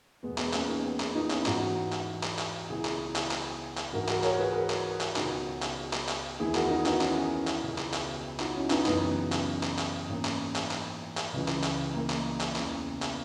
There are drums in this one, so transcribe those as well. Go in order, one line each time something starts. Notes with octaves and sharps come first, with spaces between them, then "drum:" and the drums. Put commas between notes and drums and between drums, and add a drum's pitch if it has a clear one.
E2 B2 G#3 B3
G#3 B3, drum: clap
A#3 C#4, drum: clap
B3 D#4
G#3 B3
A#3, drum: clap
B3 D#4
C#4 E4, drum: clap
G#2 E3 D#4 F#4, drum: clap
drum: clap
drum: clap
drum: clap
C#2 B2 E4 G#4
drum: clap
drum: clap
drum: clap
drum: clap
G#2 E3 F#4 A#4
F#4 A#4, drum: clap
A#4 C#5, drum: clap
G#4 B4
F#4 A#4
drum: clap
drum: clap
C#2 B2 D#4 F#4, drum: clap
drum: clap
drum: clap
drum: clap
E2 D#3 E4 G#4
F#4 A#4, drum: clap
D#4 F#4
B3 D#4, drum: clap
C#4 E4, drum: clap
drum: clap
C#2 B2
drum: clap
drum: clap
D#4 F#4, drum: clap
C#4 E4
B3 D#4, drum: clap
F#2 C#3 E3 B3 D#4, drum: clap
drum: clap
drum: clap
drum: clap
G#2 E3 A#3 C#4
drum: clap
drum: clap
drum: clap
drum: clap
C#2 C#3 E3
drum: clap
drum: clap
A#3
drum: clap
drum: clap
E2 C#3 E3, drum: clap
drum: clap